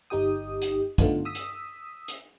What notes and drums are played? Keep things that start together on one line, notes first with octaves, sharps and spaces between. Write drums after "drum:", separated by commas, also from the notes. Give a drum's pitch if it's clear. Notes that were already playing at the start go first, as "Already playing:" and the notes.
G1 D#4 G4 G5 D#6
drum: hi-hat
D3 A3 B3 D4 D#4 F4, drum: kick
D#6 E6 B6
drum: hi-hat
drum: hi-hat